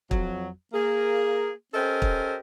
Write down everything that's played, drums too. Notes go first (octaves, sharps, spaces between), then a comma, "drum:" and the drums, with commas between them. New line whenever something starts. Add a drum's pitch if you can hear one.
F2 F#3, drum: kick
A#3 G#4
C#4 G4 A4 A#4 C5 D#5
drum: kick